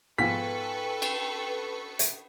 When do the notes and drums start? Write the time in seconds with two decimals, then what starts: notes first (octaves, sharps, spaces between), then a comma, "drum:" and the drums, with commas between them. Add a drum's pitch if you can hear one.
0.18 G#2 B2 F3 A4 B4 G5 C#6 B6
1.02 drum: cymbal
1.99 drum: hi-hat